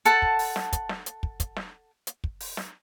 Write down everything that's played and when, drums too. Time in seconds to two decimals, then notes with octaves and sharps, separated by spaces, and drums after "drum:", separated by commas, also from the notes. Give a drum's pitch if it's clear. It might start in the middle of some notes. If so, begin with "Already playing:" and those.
0.05 A4 F#5 A5, drum: hi-hat
0.22 drum: kick
0.39 drum: open hi-hat
0.56 drum: snare
0.73 drum: kick, hi-hat
0.89 drum: snare
1.06 drum: hi-hat
1.23 drum: kick
1.40 drum: kick, hi-hat
1.56 drum: snare
2.07 drum: hi-hat
2.24 drum: kick
2.40 drum: open hi-hat
2.57 drum: snare